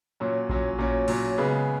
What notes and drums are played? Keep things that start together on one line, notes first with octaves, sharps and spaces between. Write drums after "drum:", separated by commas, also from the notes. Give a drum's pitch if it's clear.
A#2 F#3 C#4
A#2 F#3 C#4, drum: kick A#1
A#2 F#3 C#4
A#2 F#3 C#4, drum: open hi-hat
C#3 G#3 B3